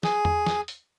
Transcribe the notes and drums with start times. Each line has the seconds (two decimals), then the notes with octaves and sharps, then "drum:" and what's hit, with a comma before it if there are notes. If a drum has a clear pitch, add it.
0.03 G#4, drum: snare
0.25 drum: tom E2
0.46 drum: snare
0.68 drum: hi-hat